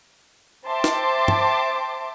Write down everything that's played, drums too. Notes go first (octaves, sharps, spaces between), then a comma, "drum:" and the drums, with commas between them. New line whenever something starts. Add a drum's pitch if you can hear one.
C5 E5 G5 A5 C6 D6
drum: snare
drum: tom G2